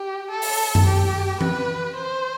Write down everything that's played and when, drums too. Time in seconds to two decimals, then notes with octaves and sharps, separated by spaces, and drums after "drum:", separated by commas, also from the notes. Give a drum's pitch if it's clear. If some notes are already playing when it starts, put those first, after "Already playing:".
Already playing: G4
0.31 A4
0.42 drum: open hi-hat
0.75 drum: tom F#2
0.86 G4
1.41 B4, drum: tom E3
1.96 C5